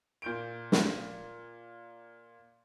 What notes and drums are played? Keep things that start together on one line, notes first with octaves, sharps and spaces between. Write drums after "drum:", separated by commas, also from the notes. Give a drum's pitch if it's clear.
A#2 G6 D7
drum: snare